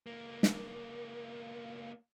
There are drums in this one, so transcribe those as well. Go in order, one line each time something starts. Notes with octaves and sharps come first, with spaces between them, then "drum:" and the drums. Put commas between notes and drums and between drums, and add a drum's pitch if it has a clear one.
C#2 A#3
drum: snare